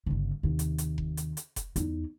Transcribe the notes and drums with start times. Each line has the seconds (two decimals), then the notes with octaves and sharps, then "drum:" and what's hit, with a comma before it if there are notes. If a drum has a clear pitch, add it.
0.06 G1 C#3
0.43 D#2 C3
0.59 drum: hi-hat
0.78 drum: hi-hat
0.98 drum: kick F1
1.17 drum: hi-hat
1.37 drum: hi-hat
1.56 drum: kick F1, hi-hat
1.76 E2 D#4, drum: hi-hat